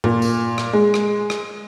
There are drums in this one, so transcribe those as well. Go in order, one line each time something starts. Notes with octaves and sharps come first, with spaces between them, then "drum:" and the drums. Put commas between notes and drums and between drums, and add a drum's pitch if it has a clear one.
A#2, drum: tom G2
drum: tambourine
drum: rim click
G#3
drum: rim click
drum: rim click